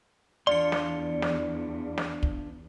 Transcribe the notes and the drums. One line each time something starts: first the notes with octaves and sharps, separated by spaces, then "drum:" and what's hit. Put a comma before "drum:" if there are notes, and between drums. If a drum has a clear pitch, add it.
E2 D4 F4 D5 C6 C#7
drum: snare
drum: snare
drum: snare
drum: kick